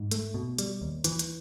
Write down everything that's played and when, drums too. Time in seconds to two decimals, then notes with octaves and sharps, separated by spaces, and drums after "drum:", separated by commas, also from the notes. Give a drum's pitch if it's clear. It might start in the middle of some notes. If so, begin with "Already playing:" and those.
Already playing: G#2
0.11 A3, drum: hi-hat
0.34 B2
0.58 G3, drum: hi-hat
0.82 D#2
1.04 E3, drum: hi-hat
1.19 drum: hi-hat